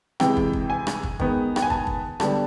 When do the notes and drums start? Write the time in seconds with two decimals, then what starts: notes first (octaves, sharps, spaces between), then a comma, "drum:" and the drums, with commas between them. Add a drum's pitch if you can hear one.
0.20 C3 E3 G#3 G5, drum: rim click
0.37 drum: kick
0.53 drum: kick
0.70 G#5
0.87 drum: rim click
1.03 drum: kick
1.20 D#3 G#3 B3, drum: kick
1.56 G5, drum: rim click
1.62 G#5
1.70 A5, drum: kick
1.87 drum: kick
2.20 D3 G3 B3 A5, drum: rim click